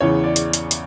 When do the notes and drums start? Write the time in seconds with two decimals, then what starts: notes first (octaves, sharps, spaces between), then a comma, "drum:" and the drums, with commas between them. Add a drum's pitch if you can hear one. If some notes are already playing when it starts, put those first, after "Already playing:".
0.01 E2 C#3 E3 C#5
0.24 D5
0.36 drum: hi-hat
0.53 drum: hi-hat
0.71 drum: hi-hat